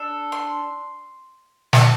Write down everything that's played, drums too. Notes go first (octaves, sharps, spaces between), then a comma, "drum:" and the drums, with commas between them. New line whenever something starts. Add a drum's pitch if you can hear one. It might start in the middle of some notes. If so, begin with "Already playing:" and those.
Already playing: D4 A4
C6
A5, drum: snare